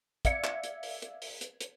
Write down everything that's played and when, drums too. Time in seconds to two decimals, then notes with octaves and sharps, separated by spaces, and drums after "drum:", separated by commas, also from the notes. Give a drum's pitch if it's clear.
0.25 D5 E5 F5 G#6 C#7, drum: kick, hi-hat
0.44 drum: clap
0.64 drum: hi-hat
0.83 drum: open hi-hat
1.02 drum: hi-hat
1.22 drum: open hi-hat
1.41 drum: hi-hat
1.61 drum: hi-hat